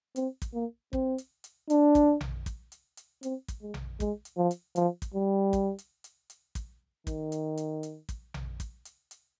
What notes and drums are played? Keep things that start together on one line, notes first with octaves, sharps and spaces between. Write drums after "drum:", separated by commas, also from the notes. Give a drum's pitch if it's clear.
C4, drum: hi-hat
drum: kick, hi-hat
A#3
C4, drum: kick
drum: hi-hat
drum: hi-hat
D4, drum: hi-hat
drum: kick, hi-hat
drum: tom A#1
drum: kick, hi-hat
drum: hi-hat
drum: hi-hat
C4, drum: hi-hat
drum: kick, hi-hat
G#3
drum: tom A#1
G#3, drum: kick, hi-hat
drum: hi-hat
F3
drum: hi-hat
F3, drum: hi-hat
drum: kick, hi-hat
G3
drum: kick, hi-hat
drum: hi-hat
drum: hi-hat
drum: hi-hat
drum: kick, hi-hat
D#3, drum: kick, hi-hat
drum: hi-hat
drum: hi-hat
drum: hi-hat
drum: kick, hi-hat
drum: tom A#1
drum: kick, hi-hat
drum: hi-hat
drum: hi-hat